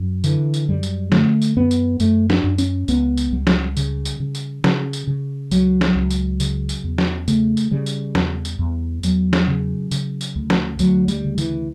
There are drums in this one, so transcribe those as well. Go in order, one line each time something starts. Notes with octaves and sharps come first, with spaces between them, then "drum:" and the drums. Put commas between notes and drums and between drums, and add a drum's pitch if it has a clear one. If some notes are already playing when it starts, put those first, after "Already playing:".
Already playing: F#2
D3 E3, drum: tambourine
drum: tambourine
F#2 G3
drum: tambourine
D3 A3, drum: snare
drum: tambourine
F#2 B3
drum: tambourine
F#2 A3, drum: tambourine
D4, drum: snare
F#2
C#4, drum: tambourine
C#2 B3, drum: tambourine
drum: tambourine
C#2 G3
drum: snare
C#3, drum: tambourine
drum: tambourine
C#3
drum: tambourine
C#3, drum: snare
drum: tambourine
C#3
C#2 F#3, drum: tambourine
drum: snare
C#2
drum: tambourine
C#3, drum: tambourine
drum: tambourine
E2
drum: snare
C#3 A3, drum: tambourine
drum: tambourine
C#3 G3
drum: tambourine
E2, drum: snare
drum: tambourine
E2
E2 F#3, drum: tambourine
drum: snare
C#3
C#3, drum: tambourine
drum: tambourine
D2
drum: snare
D2 F#3, drum: tambourine
G3, drum: tambourine
C#3
E3, drum: tambourine